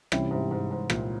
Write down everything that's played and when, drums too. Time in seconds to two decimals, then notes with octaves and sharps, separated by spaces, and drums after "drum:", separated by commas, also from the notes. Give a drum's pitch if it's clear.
0.12 C3 E3 G3 C#4 E4, drum: rim click
0.31 G#2
0.51 G#2
0.71 G#2
0.90 A#2, drum: rim click